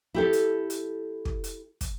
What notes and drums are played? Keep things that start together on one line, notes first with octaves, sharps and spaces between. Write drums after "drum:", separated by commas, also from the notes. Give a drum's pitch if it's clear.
E4 G4 A4
drum: hi-hat
drum: hi-hat
drum: kick
drum: hi-hat
drum: kick, hi-hat